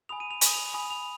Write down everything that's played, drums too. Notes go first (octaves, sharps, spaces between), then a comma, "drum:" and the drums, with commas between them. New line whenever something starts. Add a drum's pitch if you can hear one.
G#5 B5 D#6 F7
D#7
F7
G#5 B5 D#6 F#7, drum: hi-hat
F7
G#5 B5 D#6 F7
F7